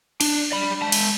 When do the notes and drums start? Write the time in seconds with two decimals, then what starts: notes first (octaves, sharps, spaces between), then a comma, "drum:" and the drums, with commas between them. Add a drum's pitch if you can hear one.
0.21 D4, drum: cymbal
0.52 D5 B5
0.82 G#3 A5
0.92 drum: cymbal